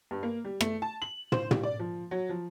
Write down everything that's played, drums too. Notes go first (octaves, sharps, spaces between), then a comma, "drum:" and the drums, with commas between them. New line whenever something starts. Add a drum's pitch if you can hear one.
G2
A#3
G3
A3, drum: rim click
A5
F#7
C5, drum: tom
G3, drum: tom
D5
F3
F#3
F3